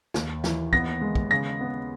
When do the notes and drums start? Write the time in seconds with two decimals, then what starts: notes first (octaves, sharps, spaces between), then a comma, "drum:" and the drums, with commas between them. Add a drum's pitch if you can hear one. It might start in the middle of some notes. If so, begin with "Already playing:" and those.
0.14 D#2, drum: snare
0.44 E3, drum: snare
0.73 B3 A#6, drum: kick
1.01 G#3
1.15 drum: kick
1.31 C#3 A#6
1.61 B3